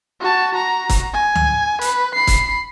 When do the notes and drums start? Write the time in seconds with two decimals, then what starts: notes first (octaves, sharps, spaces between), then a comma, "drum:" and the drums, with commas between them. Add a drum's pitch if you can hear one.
0.20 F#4 A5
0.55 F#4 A#5
0.89 drum: kick, hi-hat
1.14 G#5
1.35 drum: tom C#2
1.81 B4, drum: hi-hat
2.15 B5 C7
2.27 drum: kick, hi-hat